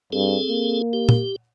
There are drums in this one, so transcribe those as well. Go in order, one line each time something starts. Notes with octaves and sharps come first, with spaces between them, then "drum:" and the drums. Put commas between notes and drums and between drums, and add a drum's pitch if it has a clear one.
G2 C4 G#4 A4
A#3
G4
drum: tom A#2